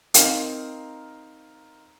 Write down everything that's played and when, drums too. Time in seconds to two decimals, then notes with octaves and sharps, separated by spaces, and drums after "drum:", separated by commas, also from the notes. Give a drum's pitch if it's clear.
0.14 C4 D#4 A#4 F5, drum: hi-hat